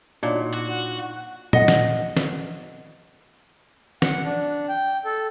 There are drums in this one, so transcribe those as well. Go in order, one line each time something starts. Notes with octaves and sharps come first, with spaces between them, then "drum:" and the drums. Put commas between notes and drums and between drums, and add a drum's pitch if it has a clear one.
A#2 D4 D#4 F4 F#4 C#5 D5
F#4 F#5
D#5 F#5, drum: tom A#2
drum: snare
drum: snare
F#5, drum: snare
D4
G5
A4